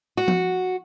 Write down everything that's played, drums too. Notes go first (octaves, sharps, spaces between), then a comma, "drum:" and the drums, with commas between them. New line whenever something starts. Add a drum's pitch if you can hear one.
F#4
drum: tom F3